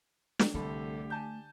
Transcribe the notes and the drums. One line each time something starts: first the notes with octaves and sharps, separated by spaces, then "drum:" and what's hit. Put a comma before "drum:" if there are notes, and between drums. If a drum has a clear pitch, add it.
drum: snare
C2 D3 A3 G4 A4 B5
G#5 A5 G6